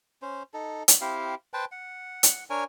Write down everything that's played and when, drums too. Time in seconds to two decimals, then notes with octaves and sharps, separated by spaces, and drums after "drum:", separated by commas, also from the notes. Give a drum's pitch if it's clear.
0.22 C#4 C5
0.54 D#4 A4
0.88 drum: hi-hat
1.01 C4 E4 G4 F5
1.54 B4 C5 G5 A5
1.72 F#5
2.23 drum: hi-hat
2.50 D4 A#4 C#5 G#5